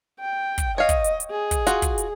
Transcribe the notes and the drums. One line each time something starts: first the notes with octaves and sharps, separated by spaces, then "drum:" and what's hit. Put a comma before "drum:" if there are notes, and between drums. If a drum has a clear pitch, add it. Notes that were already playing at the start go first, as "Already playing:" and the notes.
G5
drum: kick, hi-hat
C#5 D#5 F5
drum: kick, hi-hat
drum: hi-hat
drum: hi-hat
G#4
drum: kick, hi-hat
F4 F#4, drum: hi-hat
drum: kick, hi-hat
drum: hi-hat